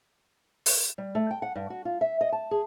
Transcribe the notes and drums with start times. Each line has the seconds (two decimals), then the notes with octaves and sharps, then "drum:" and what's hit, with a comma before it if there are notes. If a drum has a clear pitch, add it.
0.66 drum: open hi-hat
0.98 G3
1.15 A3
1.31 G5
1.42 F#5
1.56 G2
1.70 F#4
1.85 F4
2.01 E5
2.21 D#5
2.32 A5
2.51 G#4